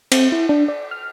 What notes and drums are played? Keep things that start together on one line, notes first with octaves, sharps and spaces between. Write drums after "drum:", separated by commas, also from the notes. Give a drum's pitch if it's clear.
C4, drum: cymbal
E4
D4
D5
F6